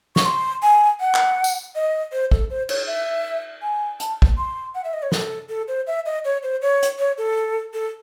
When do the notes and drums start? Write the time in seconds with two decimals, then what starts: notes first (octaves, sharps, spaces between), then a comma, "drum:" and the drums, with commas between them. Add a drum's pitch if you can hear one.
0.16 C#6, drum: snare
0.25 C6
0.63 G#5
1.00 F#5
1.15 drum: clap
1.44 drum: tambourine
1.75 D#5
2.12 C5
2.32 A4, drum: kick
2.50 C5
2.69 C#5, drum: cymbal
2.87 E5
3.62 G#5
4.00 A5, drum: hi-hat
4.22 drum: kick
4.37 C6
4.75 F#5
4.84 E5
4.93 D#5
5.03 C#5
5.12 A4, drum: snare
5.49 A4
5.68 C5
5.87 E5
6.06 D#5
6.24 C#5
6.43 C5
6.62 C#5
6.83 drum: hi-hat
6.99 C#5
7.18 A4
7.74 A4